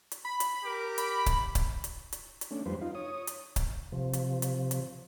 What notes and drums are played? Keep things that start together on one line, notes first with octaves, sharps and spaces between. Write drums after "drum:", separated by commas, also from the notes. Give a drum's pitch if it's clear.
drum: hi-hat
B5
drum: hi-hat
G4 A#4 D6
B5, drum: hi-hat
drum: kick C#1, hi-hat
drum: kick C#1, hi-hat
drum: hi-hat
drum: hi-hat
drum: hi-hat
A3 C#4 D4
F2 G3 B4 C5
D#4 F4
C#5 D#6
drum: hi-hat
drum: kick C#1, hi-hat
C3 F3
drum: hi-hat
drum: hi-hat
drum: hi-hat